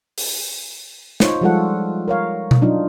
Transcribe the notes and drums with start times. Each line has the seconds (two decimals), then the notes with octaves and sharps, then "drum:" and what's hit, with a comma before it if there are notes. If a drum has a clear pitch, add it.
0.18 drum: open hi-hat
1.20 D#4 F4 C5 C#5, drum: snare
1.41 F3 G3 G#3 F4 A4 F#5
2.08 A#4 C#5 F5
2.51 drum: tom B2
2.61 F#3 D4 D#4 F4